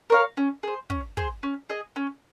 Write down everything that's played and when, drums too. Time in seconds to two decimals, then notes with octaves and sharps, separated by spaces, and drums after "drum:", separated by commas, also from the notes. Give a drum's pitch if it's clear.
0.10 A#4 C#5 F5
0.37 C#4
0.63 G#4 C5
0.90 C#4, drum: kick
1.17 G#4 C5, drum: kick
1.43 C#4
1.70 G#4 D#5
1.96 C#4